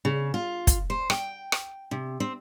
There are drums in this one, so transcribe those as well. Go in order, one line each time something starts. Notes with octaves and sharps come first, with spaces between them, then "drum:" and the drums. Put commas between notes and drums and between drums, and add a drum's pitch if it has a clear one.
C#3
F4
drum: kick, hi-hat
C5
G5, drum: rim click
drum: rim click
C3
C4